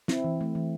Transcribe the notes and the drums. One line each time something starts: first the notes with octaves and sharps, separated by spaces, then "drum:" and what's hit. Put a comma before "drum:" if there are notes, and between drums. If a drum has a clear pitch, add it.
C4 E4, drum: snare
E3
A3
E3